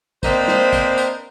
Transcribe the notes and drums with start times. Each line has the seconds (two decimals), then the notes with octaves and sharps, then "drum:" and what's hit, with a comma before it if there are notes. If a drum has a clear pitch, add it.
0.23 A#3 C4 D4 B4 C5 D#5, drum: kick, tambourine
0.48 drum: snare
0.73 drum: kick, tambourine
0.98 drum: tambourine